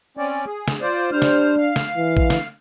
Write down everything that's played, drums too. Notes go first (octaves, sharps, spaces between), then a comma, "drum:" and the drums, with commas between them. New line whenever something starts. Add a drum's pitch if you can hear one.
C4 C#4 D5
G#4
drum: snare
F4 C5 D5
G3 D4 C5 F6
drum: snare
F5 F6
drum: snare
E3
drum: kick A1
drum: snare